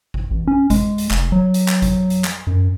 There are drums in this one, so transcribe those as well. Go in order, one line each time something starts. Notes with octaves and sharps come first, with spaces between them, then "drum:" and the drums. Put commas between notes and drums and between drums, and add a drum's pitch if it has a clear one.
drum: kick G#1
A1
C#4
G#3, drum: kick G#1, hi-hat
drum: hi-hat
F1, drum: clap
F#3
drum: hi-hat
drum: clap
drum: kick G#1, hi-hat
drum: hi-hat
drum: clap
F#2